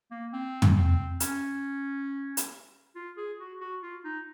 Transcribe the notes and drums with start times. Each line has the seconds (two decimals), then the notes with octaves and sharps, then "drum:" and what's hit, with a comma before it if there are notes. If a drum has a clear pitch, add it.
0.11 A#3
0.33 C4
0.62 drum: tom
0.76 C4
1.20 C#4, drum: hi-hat
2.37 drum: hi-hat
2.95 F4
3.17 G#4
3.38 F#4
3.61 F#4
3.82 F4
4.04 D#4